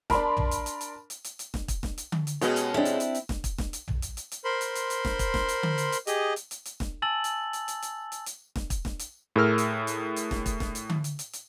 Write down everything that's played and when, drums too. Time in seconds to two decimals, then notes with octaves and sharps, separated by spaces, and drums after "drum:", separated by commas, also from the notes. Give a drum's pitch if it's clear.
0.10 D4 A#4 A5 B5 C6, drum: snare E1
0.37 drum: tom
0.51 drum: hi-hat
0.66 drum: hi-hat
0.81 drum: hi-hat
1.10 drum: hi-hat
1.24 drum: hi-hat
1.39 drum: hi-hat
1.54 drum: snare E1
1.68 drum: kick, hi-hat
1.83 drum: snare E1
1.98 drum: hi-hat
2.12 drum: tom D3
2.27 drum: hi-hat
2.41 B2 G#3 B3 C#4 F#4 G4, drum: hi-hat
2.56 drum: hi-hat
2.74 C4 D4 E4 G4
2.85 drum: hi-hat
3.00 drum: hi-hat
3.15 drum: hi-hat
3.29 drum: snare E1
3.44 drum: kick, hi-hat
3.58 drum: snare E1
3.73 drum: hi-hat
3.88 drum: tom
4.02 drum: hi-hat
4.17 drum: hi-hat
4.32 drum: hi-hat
4.44 A#4 C5 B5 C6
4.61 drum: hi-hat
4.75 drum: hi-hat
4.90 drum: hi-hat
5.05 drum: snare E1
5.19 drum: kick, hi-hat
5.34 drum: snare E1
5.49 drum: hi-hat
5.63 drum: tom D3
5.78 drum: hi-hat
5.92 drum: hi-hat
6.07 G4 G#4 D#5, drum: hi-hat
6.36 drum: hi-hat
6.51 drum: hi-hat
6.65 drum: hi-hat
6.80 drum: snare E1
7.02 G#5 A5 E6 A6 F#7
7.24 drum: hi-hat
7.53 drum: hi-hat
7.68 drum: hi-hat
7.82 drum: hi-hat
8.12 drum: hi-hat
8.26 drum: hi-hat
8.56 drum: snare E1
8.70 drum: kick, hi-hat
8.85 drum: snare E1
8.99 drum: hi-hat
9.36 A2 G#4 A#4 E6 F6
9.58 drum: hi-hat
9.87 drum: hi-hat
10.16 drum: hi-hat
10.31 drum: snare E1
10.46 drum: kick, hi-hat
10.60 drum: snare E1
10.75 drum: hi-hat
10.90 drum: tom D3
11.04 drum: hi-hat
11.19 drum: hi-hat
11.33 drum: hi-hat